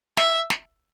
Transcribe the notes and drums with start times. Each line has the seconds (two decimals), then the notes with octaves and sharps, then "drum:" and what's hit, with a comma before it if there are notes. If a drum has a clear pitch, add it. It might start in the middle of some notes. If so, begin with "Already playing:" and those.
0.17 E5, drum: snare
0.50 drum: snare